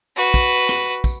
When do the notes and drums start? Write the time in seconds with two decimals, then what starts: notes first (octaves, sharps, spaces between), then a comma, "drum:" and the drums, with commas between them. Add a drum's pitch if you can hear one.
0.16 F#4 B4
0.34 drum: kick, tambourine
0.69 drum: rim click
1.04 drum: kick, tambourine